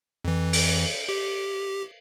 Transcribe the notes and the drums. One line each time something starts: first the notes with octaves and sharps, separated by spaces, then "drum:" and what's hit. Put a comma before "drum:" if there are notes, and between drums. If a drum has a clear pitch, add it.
F2 E3
drum: open hi-hat
G4